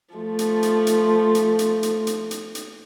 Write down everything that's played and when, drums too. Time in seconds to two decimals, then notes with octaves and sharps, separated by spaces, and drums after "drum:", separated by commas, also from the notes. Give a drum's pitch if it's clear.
0.15 F3 A3
0.39 drum: hi-hat
0.63 drum: hi-hat
0.87 drum: hi-hat
1.35 drum: hi-hat
1.59 drum: hi-hat
1.83 drum: hi-hat
2.07 drum: hi-hat
2.31 drum: hi-hat
2.55 drum: hi-hat